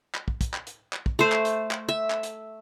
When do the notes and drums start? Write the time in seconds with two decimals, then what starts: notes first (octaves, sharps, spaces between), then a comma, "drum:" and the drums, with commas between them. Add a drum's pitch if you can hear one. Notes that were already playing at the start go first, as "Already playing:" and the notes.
0.15 drum: clap
0.28 drum: kick
0.41 drum: kick, hi-hat
0.54 drum: clap
0.67 drum: hi-hat
0.93 drum: clap
1.06 drum: kick
1.19 A3 C5
1.32 drum: clap
1.45 drum: hi-hat
1.71 drum: clap
1.89 E5
2.10 drum: clap
2.23 drum: hi-hat